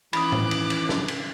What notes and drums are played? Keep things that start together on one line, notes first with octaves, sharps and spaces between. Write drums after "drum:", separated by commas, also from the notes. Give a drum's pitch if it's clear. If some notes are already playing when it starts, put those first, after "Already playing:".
D#3 E3 C#4 B5 D6 D#6 F#6, drum: cymbal
drum: tom A2
drum: cymbal
drum: cymbal
drum: snare
drum: cymbal